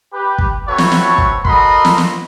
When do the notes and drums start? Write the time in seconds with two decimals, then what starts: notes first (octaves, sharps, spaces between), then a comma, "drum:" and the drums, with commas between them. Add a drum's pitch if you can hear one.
0.13 G4 B4
0.38 drum: kick
0.69 A3 C4 F#4 A4 B4 C#5
0.78 drum: snare
0.92 drum: snare
1.18 drum: kick
1.45 F#4 A4 A#4 D#5 B5 C6, drum: kick
1.85 drum: snare
1.98 drum: snare